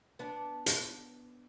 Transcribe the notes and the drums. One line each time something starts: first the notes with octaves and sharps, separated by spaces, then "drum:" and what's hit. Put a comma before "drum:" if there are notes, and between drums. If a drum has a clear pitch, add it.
B3 D4
drum: hi-hat